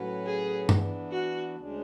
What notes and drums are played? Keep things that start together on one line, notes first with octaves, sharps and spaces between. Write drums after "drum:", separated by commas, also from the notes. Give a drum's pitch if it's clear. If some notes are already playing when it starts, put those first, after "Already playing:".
Already playing: A2 F#3 C#4 F#4 B4
G#4
E3 B3 D4, drum: tom
F#4
D2 C#3 G#3 D4